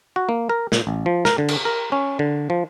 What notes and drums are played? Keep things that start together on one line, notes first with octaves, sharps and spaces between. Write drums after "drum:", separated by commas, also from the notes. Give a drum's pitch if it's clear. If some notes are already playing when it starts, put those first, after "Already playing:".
F#4
A#3
A#4
A#2, drum: snare
A1
F3
A#4, drum: snare
D3
drum: cymbal
A#4
C#4
D3
F3